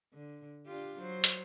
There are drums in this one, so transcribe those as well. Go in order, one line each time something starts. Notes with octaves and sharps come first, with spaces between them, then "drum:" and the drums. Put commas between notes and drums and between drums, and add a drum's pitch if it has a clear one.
D3
D4 F4 G4
F#3 C5
drum: hi-hat